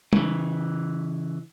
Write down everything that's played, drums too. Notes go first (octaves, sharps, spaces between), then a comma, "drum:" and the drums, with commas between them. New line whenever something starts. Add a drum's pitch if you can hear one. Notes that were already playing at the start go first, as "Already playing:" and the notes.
C#3 E3, drum: tom